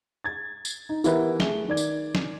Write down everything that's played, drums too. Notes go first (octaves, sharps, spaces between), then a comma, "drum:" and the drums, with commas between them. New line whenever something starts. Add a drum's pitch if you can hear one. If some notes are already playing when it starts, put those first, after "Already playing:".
G#6 A6
drum: tambourine
D#4
E3 B3 E4 G4 A#4 B4, drum: tambourine
A3 G#4 G7, drum: snare
D#3 D5 G#6
drum: tambourine
drum: snare